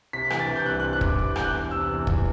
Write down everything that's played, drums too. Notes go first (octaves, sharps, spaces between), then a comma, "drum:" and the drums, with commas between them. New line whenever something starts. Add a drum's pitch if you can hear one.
C3 B6
E3, drum: rim click
A6
C3
G6
C2 F#6
F#6
C3
F#6
C2 D6, drum: kick
C3 D6
E2 G6, drum: rim click
F#6
E2
C3 E6
E2
E2, drum: kick